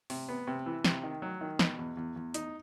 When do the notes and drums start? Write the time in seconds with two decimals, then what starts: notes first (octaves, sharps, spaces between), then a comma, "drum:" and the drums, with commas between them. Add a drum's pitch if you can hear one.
0.10 C3, drum: open hi-hat
0.29 B3
0.47 C3
0.66 E3
0.84 C3, drum: snare
1.03 D#3
1.22 F#3
1.41 D#3
1.59 B2, drum: snare
1.79 E2
1.97 E2
2.16 E2
2.34 D#4, drum: hi-hat